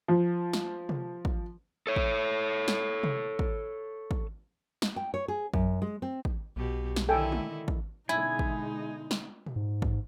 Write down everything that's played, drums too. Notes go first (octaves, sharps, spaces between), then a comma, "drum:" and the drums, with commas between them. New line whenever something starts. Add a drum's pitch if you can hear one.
F3
drum: snare
drum: tom C3
drum: kick
A4 C#5
drum: kick
drum: snare
drum: tom C3
drum: kick
drum: kick
drum: snare
G5
C#5
G#4
F#2, drum: kick
G#3
C4
drum: kick
B1 B2 G4
drum: snare
D3 D#3 E4 A4 G5 G#5
drum: tom G#3
drum: kick
B2 D3 G#3 D#4 E4 G#5
drum: kick
drum: snare
drum: tom A#2
G#2
drum: kick